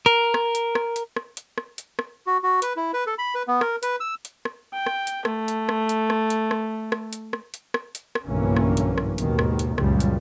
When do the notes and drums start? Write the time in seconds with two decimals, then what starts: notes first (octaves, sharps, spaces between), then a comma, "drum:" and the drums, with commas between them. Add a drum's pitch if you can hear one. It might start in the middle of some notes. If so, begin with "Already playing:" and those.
0.06 A#4
0.34 drum: rim click
0.55 drum: hi-hat
0.75 drum: rim click
0.96 drum: hi-hat
1.16 drum: rim click
1.37 drum: hi-hat
1.58 drum: rim click
1.78 drum: hi-hat
1.99 drum: rim click
2.27 F#4
2.43 F#4
2.62 B4, drum: hi-hat
2.77 E4
2.94 B4
3.07 A4
3.18 B5
3.35 B4
3.48 B3
3.61 A#4, drum: rim click
3.83 B4, drum: hi-hat
4.00 E6
4.25 drum: hi-hat
4.45 drum: rim click
4.73 G5
4.86 drum: rim click
5.07 drum: hi-hat
5.25 A3, drum: rim click
5.48 drum: hi-hat
5.69 drum: rim click
5.89 drum: hi-hat
6.10 drum: rim click
6.30 drum: hi-hat
6.51 drum: rim click
6.92 drum: rim click
7.13 drum: hi-hat
7.33 drum: rim click
7.54 drum: hi-hat
7.74 drum: rim click
7.95 drum: hi-hat
8.15 drum: rim click
8.26 F#1 B1 G2 E3 A#3 C#4
8.56 drum: rim click
8.77 drum: hi-hat
8.98 drum: rim click
9.18 D#2 G#2 B2 D#3, drum: hi-hat
9.39 drum: rim click
9.59 drum: hi-hat
9.78 C#2 F#2 A#2 C#3 F3 G3, drum: rim click
10.00 drum: hi-hat